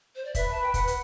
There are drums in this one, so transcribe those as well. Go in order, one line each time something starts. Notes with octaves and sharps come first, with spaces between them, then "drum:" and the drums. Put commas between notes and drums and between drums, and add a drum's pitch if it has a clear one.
C5
D5
B4 E5, drum: kick, hi-hat
B4 A5
G5
B4 F#5, drum: kick, hi-hat
drum: hi-hat